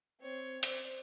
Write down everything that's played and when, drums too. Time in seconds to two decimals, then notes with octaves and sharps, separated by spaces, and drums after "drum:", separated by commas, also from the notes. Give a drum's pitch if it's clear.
0.20 C4 C#5
0.63 C5 D5, drum: hi-hat